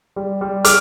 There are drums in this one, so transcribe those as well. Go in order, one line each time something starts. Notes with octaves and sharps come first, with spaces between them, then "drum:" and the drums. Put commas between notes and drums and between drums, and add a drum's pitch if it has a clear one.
G3
G3
D6 F6, drum: hi-hat